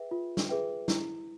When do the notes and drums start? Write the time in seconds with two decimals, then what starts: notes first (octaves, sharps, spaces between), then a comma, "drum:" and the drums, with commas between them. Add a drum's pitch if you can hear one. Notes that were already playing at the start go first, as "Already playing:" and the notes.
Already playing: G#4 B4 E5 G5
0.11 F4
0.37 drum: snare
0.49 G#4 B4 E5 G5
0.88 E4, drum: snare